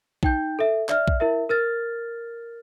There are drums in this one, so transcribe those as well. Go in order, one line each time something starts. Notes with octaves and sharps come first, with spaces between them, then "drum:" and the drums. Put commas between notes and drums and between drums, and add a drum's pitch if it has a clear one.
D#4 G5 G6, drum: kick A#1
A4 E5
D5 E5 F6, drum: clap
drum: kick A#1
E4 A#4 E5
A#4 F6 A6